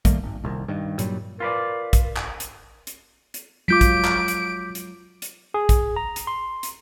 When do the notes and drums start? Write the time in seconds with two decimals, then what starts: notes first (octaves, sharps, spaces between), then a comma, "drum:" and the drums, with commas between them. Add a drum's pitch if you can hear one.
0.05 D#3 G3 A3 A#3, drum: kick, hi-hat
0.23 G#1
0.44 D#1 C2
0.68 G2 D#3
0.99 G2 A#2 F#3 G3, drum: hi-hat
1.40 F4 A#4 B4 D5
1.93 drum: kick, hi-hat
2.17 drum: clap
2.40 drum: hi-hat
2.87 drum: hi-hat
3.34 drum: hi-hat
3.68 F#3 G#3 F4 D6 G6 B6 D7
3.81 drum: kick, hi-hat
4.05 drum: clap
4.28 drum: hi-hat
4.75 drum: hi-hat
5.22 drum: hi-hat
5.54 G#4
5.69 drum: kick, hi-hat
5.96 A#5
6.16 drum: hi-hat
6.27 C6
6.63 drum: hi-hat